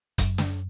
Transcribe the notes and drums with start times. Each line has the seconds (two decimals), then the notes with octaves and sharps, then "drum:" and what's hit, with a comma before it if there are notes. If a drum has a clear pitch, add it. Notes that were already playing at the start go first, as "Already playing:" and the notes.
0.18 F#2, drum: kick F#1, hi-hat
0.38 drum: snare